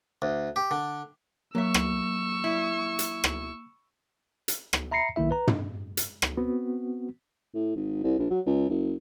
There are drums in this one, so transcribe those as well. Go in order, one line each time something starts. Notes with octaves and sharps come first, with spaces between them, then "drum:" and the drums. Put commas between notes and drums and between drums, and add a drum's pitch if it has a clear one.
D2
G4
D3
F#3 A#3 E5 C#6 E6
drum: rim click
E4
drum: hi-hat
drum: rim click
drum: hi-hat
drum: rim click
E5 A#5 B5 A#6 C7 C#7
B1 D#3 A#3 E4 E5
B4 A#5
drum: tom
drum: hi-hat
drum: rim click
B3 C4 F#4
A2
G#1
C2
A#1
F#3
C#2
F#1